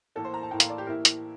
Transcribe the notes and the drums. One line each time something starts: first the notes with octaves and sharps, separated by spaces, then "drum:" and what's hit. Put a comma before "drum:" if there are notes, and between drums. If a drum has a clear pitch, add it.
A2 E3 A#3 A4
C5
A#5
A5
A2 E3 A#3 G5
F5, drum: hi-hat
D5
G4
A2 E3 A#3 E4 A#4
drum: hi-hat